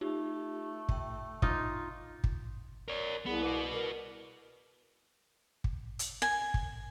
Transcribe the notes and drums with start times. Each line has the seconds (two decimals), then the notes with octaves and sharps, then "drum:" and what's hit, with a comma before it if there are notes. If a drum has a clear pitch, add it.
0.01 A3 D#4 F4 G4
0.89 E5 G5, drum: kick
1.42 D#4 F4 D6, drum: kick
2.24 drum: kick
2.88 A#4 C#5 D5
3.26 C2 B3 G#4
3.43 F#4 B4 D6
3.73 A#4
5.64 drum: kick
5.99 drum: hi-hat
6.22 G#5
6.54 drum: kick